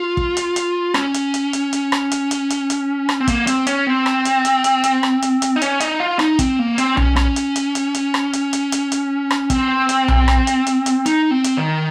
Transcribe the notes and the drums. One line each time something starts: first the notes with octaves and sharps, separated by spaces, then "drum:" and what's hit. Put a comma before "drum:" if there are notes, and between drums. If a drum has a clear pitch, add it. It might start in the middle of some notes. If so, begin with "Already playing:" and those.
Already playing: F4
drum: kick
drum: hi-hat
drum: hi-hat
C#4, drum: rim click
drum: hi-hat
drum: hi-hat
drum: hi-hat
drum: hi-hat
drum: rim click
drum: hi-hat
drum: hi-hat
drum: hi-hat
drum: hi-hat
drum: rim click
C4
A#3, drum: kick, hi-hat
C4, drum: hi-hat
C#4, drum: hi-hat
C4
drum: rim click
drum: hi-hat
drum: hi-hat
drum: hi-hat
drum: hi-hat
drum: rim click
drum: hi-hat
drum: hi-hat
D#4
C#4, drum: hi-hat
D#4, drum: hi-hat
F4
D#4, drum: rim click
C4, drum: kick, hi-hat
A#3
C4, drum: hi-hat
C#4, drum: tom B1
C#4, drum: rim click
drum: hi-hat
drum: hi-hat
drum: hi-hat
drum: hi-hat
drum: rim click
drum: hi-hat
drum: hi-hat
drum: hi-hat
drum: hi-hat
drum: rim click
C4, drum: kick, hi-hat
drum: hi-hat
drum: tom B1
drum: rim click
drum: hi-hat
drum: hi-hat
drum: hi-hat
D#4, drum: hi-hat
C4
drum: hi-hat
D#3